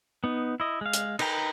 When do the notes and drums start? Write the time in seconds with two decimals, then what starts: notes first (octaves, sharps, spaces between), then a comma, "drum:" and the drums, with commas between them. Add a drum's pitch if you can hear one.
0.24 B3 D#4
0.60 E4 D#5
0.81 G#3 F5
0.93 drum: hi-hat
1.19 D#4 A#4 B4 G5 A#5, drum: cymbal